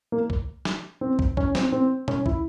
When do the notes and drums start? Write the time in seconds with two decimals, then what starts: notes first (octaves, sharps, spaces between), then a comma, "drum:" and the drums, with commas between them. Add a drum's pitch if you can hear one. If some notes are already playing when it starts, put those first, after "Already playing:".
0.12 A#3
0.30 drum: kick
0.65 drum: snare
1.01 C4
1.19 drum: kick
1.37 C#4, drum: kick
1.55 C4, drum: snare
1.72 C4
2.08 C#4, drum: tom B2
2.26 E4, drum: kick